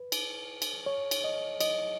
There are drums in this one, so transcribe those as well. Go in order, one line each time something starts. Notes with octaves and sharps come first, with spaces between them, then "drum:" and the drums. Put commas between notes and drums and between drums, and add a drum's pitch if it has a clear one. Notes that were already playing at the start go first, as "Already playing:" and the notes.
Already playing: B4
drum: cymbal
drum: cymbal
C#5
drum: cymbal
D#5
D#5, drum: cymbal